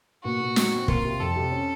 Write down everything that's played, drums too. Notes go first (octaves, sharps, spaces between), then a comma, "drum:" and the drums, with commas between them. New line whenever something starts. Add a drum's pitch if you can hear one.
A#2 F#4
A#2
F#3, drum: snare
C4
A#3 F4, drum: kick
C3
F2 A4
C3
C#4